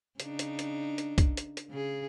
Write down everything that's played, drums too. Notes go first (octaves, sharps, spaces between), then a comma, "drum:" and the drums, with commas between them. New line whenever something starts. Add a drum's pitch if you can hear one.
C#3 D4 D#4, drum: hi-hat
drum: hi-hat
drum: hi-hat
drum: hi-hat
drum: kick, hi-hat
drum: hi-hat
drum: hi-hat
C#3 G#4